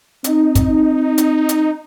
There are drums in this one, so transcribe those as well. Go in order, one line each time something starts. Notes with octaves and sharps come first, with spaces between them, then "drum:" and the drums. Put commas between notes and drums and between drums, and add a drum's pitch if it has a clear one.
C4 D#4, drum: hi-hat
drum: kick, hi-hat
drum: hi-hat
drum: hi-hat